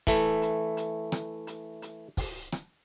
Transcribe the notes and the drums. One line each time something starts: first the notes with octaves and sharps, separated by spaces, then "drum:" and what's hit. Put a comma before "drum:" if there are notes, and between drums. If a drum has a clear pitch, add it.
E3 A3, drum: kick, hi-hat
drum: hi-hat
drum: hi-hat
drum: rim click
drum: hi-hat
drum: hi-hat
drum: kick, open hi-hat
drum: rim click